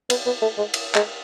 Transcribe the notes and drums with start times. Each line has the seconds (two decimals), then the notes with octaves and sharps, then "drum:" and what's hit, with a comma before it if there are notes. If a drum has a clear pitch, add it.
0.10 B3, drum: cymbal
0.26 B3
0.42 A3
0.58 G#3
0.74 drum: cymbal
0.95 G#3, drum: clap